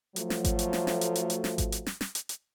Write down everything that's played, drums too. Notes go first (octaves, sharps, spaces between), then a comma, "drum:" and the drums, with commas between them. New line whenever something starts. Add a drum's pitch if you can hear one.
F3 F#3 A3, drum: hi-hat
drum: snare
drum: kick G#1, hi-hat
drum: hi-hat
drum: snare
drum: snare
drum: hi-hat
drum: hi-hat
drum: hi-hat
drum: snare
drum: kick G#1, hi-hat
drum: hi-hat
drum: snare
drum: snare
drum: hi-hat
drum: hi-hat